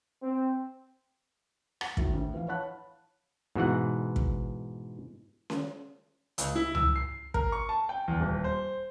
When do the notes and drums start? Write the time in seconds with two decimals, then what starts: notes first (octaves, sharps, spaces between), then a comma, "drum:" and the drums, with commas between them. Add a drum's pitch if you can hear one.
0.23 C4
1.81 F#5, drum: rim click
1.97 A2 D#3 F#4 A#4, drum: kick
2.13 D2 A2
2.34 E3 F3 F5
2.48 C#5 F5 F#5 A5 B5 F#6
3.55 G#2 B2 E3 F#5
4.16 drum: kick
5.50 drum: snare C#4
6.38 C#2, drum: hi-hat
6.55 E4
6.75 E6, drum: tom C#2
6.96 C7
7.34 A#4, drum: kick
7.52 C#6
7.69 A5
7.89 G5
8.08 E2
8.20 D#1
8.44 C5